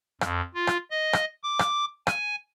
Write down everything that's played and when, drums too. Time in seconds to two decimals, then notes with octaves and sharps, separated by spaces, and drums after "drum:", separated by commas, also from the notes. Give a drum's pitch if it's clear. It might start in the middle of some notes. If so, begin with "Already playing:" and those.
0.21 F2, drum: rim click
0.54 F4
0.67 drum: rim click
0.91 D#5
1.13 drum: rim click
1.43 D6
1.59 drum: rim click
2.07 G#5, drum: rim click